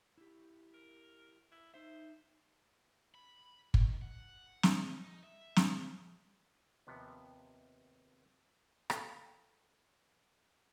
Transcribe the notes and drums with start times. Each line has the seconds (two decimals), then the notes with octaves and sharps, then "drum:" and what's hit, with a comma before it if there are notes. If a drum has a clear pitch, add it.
0.18 E4 G4
0.74 A#4
1.52 E4
1.74 D#4 C5 E5
3.14 B5
3.74 D#3, drum: kick
4.02 F#5
4.63 drum: snare
4.78 D#5
4.95 D#4
5.23 E5
5.56 drum: snare
6.87 D#2 C3 F3 B3
8.90 A4 F5 G5 A5 B5, drum: rim click